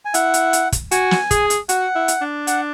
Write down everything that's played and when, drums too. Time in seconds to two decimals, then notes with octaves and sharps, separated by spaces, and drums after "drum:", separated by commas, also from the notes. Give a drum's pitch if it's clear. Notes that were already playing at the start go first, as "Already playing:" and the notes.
0.05 G#5
0.14 E4 F#5, drum: hi-hat
0.34 drum: hi-hat
0.53 drum: hi-hat
0.72 drum: kick, hi-hat
0.91 F#4 G#5, drum: hi-hat
1.11 drum: snare
1.31 G#4, drum: kick, hi-hat
1.50 drum: hi-hat
1.69 F#4 F#5, drum: hi-hat
1.95 E4
2.08 drum: hi-hat
2.21 D4
2.47 F#5, drum: hi-hat